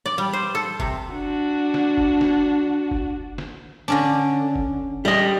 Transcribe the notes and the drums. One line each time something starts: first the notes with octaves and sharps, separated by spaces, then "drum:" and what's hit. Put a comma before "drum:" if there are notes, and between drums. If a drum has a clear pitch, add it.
D5
G3
C5
A4
C3, drum: kick F#1
D4 F#4
drum: snare
drum: kick F#1
drum: snare
drum: kick F#1
drum: snare
D3 C#4 D4
drum: kick F#1
G3 D#5